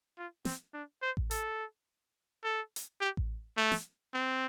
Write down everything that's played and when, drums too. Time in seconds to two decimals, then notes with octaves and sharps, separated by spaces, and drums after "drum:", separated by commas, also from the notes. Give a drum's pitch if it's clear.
0.18 F4
0.45 C4, drum: snare
0.74 D4
1.02 C5
1.17 drum: kick A1
1.31 A4, drum: hi-hat
2.44 A4
2.76 drum: hi-hat
3.01 G4
3.17 drum: kick A1
3.57 A3
3.72 drum: snare
4.14 C4